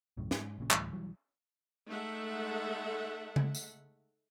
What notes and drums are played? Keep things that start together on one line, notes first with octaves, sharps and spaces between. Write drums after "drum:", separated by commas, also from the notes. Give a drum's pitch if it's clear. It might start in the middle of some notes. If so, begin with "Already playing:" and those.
B1 F#2 A2 C#3
G#2, drum: snare
A#1 A#2 C#3
D2 A2 E3 G3, drum: clap
B1 E3 F#3 G3
G#3 A3 D#4 A4 E5 F#5
drum: tom C#3
drum: tambourine